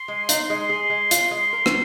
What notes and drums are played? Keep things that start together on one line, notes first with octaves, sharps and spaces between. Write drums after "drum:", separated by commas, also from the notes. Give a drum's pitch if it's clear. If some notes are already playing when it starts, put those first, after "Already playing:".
Already playing: C6
G#3
D#4, drum: hi-hat
G#3
G#4
G#3
F4, drum: hi-hat
G#3
A#4
drum: rim click